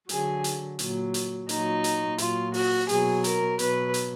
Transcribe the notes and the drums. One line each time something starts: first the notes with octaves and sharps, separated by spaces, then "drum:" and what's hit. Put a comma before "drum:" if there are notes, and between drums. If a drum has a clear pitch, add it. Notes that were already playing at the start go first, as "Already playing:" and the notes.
D3 F#3 G#4, drum: hi-hat
drum: hi-hat
A#2 F#3, drum: hi-hat
drum: hi-hat
A#2 F#3 D#4, drum: hi-hat
drum: hi-hat
A#2 F#3 F4, drum: hi-hat
F#4, drum: open hi-hat
B2 F#3 G#4, drum: hi-hat
A#4, drum: hi-hat
B2 F#3 B4, drum: hi-hat
drum: hi-hat